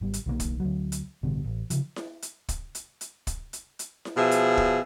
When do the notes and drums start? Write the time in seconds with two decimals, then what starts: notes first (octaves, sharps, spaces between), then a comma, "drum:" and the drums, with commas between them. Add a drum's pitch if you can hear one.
0.01 G#1 G3
0.14 drum: hi-hat
0.26 B1 D#3 G3 A#3
0.40 drum: kick, hi-hat
0.60 D2 F#3
0.92 drum: hi-hat
1.23 A1 G2 B2 D3
1.44 A1
1.70 C#3 F3, drum: hi-hat
1.96 drum: snare E4
2.22 drum: hi-hat
2.49 drum: kick, hi-hat
2.75 drum: hi-hat
3.01 drum: hi-hat
3.27 drum: kick, hi-hat
3.53 drum: hi-hat
3.79 drum: hi-hat
4.05 drum: snare E4
4.16 B2 F3 G#4 E5
4.31 drum: hi-hat
4.57 drum: kick